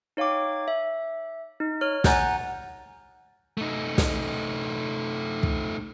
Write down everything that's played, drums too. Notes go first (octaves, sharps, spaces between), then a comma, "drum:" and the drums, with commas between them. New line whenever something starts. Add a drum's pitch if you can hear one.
D#4 C#5 F5 G5 D6
E5
D#4
C#5 F6
F#5 G#5 A#5 F#6 G6 A6, drum: snare
A3 D#4
drum: snare
drum: kick